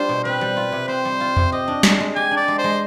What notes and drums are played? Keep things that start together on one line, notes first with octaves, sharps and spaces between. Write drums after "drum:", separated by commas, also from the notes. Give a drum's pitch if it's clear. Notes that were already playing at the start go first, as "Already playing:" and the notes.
Already playing: G3 D4 F4 C5
B2
C4 B4
G3
F4
C3
C4 C5
G3
F4
C3, drum: tom E2
G4 D#5
D4
G#3, drum: snare
G#3
G4 G#5
D4
D5
G#3
C5
G#3